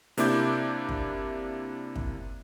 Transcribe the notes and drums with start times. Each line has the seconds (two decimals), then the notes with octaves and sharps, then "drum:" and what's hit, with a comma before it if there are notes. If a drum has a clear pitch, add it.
0.17 C3 A#3 D4 E4 D6 G6, drum: hi-hat
0.89 drum: kick
1.96 drum: kick